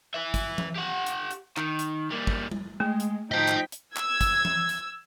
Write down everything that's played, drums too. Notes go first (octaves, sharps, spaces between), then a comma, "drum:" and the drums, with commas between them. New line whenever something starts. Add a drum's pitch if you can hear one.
B4 E5
drum: kick, hi-hat
drum: tom E3
G4 F#5
drum: hi-hat
drum: hi-hat
D#3, drum: clap
drum: hi-hat
G3 A#3
drum: kick
drum: tom G3
G#3 A3
drum: hi-hat
F3 D#4 D#5 G5 A5 B6
drum: clap
drum: hi-hat
E6 G#6, drum: clap
drum: kick, hi-hat
drum: tom E3
drum: hi-hat